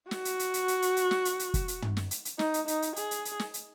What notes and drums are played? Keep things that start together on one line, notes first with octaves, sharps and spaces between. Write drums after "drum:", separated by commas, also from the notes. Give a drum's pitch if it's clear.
F#4, drum: snare
drum: hi-hat
drum: hi-hat
drum: hi-hat
drum: hi-hat
drum: hi-hat
drum: hi-hat
drum: snare
drum: hi-hat
drum: hi-hat
drum: kick, hi-hat
drum: hi-hat
drum: tom
drum: snare
drum: hi-hat
drum: hi-hat
D#4, drum: snare
drum: hi-hat
D#4, drum: hi-hat
drum: hi-hat
G#4, drum: hi-hat
drum: hi-hat
drum: hi-hat
drum: snare
drum: hi-hat